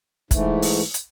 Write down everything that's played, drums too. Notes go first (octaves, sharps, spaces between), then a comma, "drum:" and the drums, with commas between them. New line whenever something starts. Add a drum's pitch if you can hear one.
G#2 E3 A3, drum: kick, hi-hat
drum: open hi-hat
drum: hi-hat